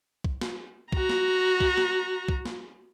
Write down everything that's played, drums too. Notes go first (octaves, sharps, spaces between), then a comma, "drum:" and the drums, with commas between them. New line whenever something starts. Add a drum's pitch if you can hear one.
drum: kick
drum: snare
F#4 A#5, drum: kick
drum: snare
drum: kick
drum: snare
drum: kick
drum: snare